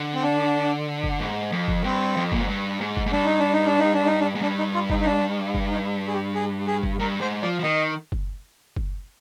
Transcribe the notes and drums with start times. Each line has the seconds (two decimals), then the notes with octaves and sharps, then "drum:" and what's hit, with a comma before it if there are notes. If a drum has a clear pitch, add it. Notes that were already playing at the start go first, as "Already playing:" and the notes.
Already playing: D3
0.14 C4
0.23 D4
1.04 drum: kick F#1
1.20 G#2
1.52 F2
1.68 drum: kick F#1
1.84 G2 C4
2.17 F2
2.32 A#2, drum: kick F#1
2.40 G#2
2.48 G2
2.81 G#2
2.97 drum: kick F#1
3.06 G#2
3.12 G2 D4
3.26 D#4
3.39 D4
3.53 D#4
3.66 D4
3.79 D#4
3.94 D4
4.06 D#4
4.21 D4
4.35 G#2
4.41 G2 D4
4.58 D#4
4.74 F4
4.90 D#4, drum: kick F#1
5.00 D#4
5.06 D4
5.54 drum: kick F#1
5.71 D#4
6.08 G#4
6.13 G4
6.35 G#4
6.67 G#4
6.83 drum: kick F#1
6.99 G2 A#4
7.21 G#2 C5
7.42 F3 D5
7.59 F3
7.63 D#3 D#5
8.12 drum: kick F#1
8.76 drum: kick F#1